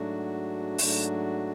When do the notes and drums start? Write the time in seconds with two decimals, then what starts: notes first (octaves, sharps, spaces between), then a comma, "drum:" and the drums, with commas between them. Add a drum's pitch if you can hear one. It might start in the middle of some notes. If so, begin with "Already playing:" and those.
Already playing: G#2 F#3 A3 D4 F#4
0.78 G#2 F#3 A3 D4 F#4, drum: open hi-hat